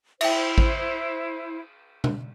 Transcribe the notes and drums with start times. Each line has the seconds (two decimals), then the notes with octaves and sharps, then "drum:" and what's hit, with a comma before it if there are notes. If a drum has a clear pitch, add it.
0.21 E4 C5 E5 G5, drum: cymbal
0.58 drum: kick A1
2.04 drum: tom B2